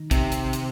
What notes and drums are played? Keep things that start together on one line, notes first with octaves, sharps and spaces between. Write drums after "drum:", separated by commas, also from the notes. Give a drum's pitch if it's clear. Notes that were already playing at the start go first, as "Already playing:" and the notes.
Already playing: D#3 D#4
C3, drum: kick, hi-hat
drum: hi-hat
drum: hi-hat